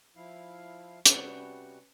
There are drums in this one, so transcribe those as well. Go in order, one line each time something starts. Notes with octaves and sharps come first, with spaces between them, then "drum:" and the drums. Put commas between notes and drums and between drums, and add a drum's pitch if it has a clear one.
F3 E4 F5
C3 G3 C#4 F#4 B4 C#7, drum: hi-hat